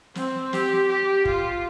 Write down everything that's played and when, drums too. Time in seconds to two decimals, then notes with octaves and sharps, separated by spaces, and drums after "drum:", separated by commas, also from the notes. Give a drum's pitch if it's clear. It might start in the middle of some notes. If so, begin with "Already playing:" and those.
0.15 C4, drum: snare
0.53 G4, drum: snare
0.89 G4
1.25 F4, drum: kick